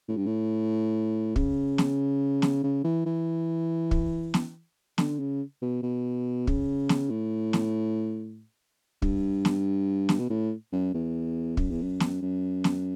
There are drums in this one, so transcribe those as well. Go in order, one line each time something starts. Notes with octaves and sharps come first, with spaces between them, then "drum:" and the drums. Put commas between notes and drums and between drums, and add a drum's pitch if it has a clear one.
A2
G2
A2
C#3, drum: kick
drum: snare
drum: snare
C#3
E3
E3
drum: kick
drum: snare
D3, drum: snare
C#3
B2
B2
C#3, drum: kick
drum: snare
A2
drum: snare
G2, drum: kick
drum: snare
drum: snare
B2
A2
F#2
E2
F#2, drum: kick
E2
F#2
drum: snare
F#2
drum: snare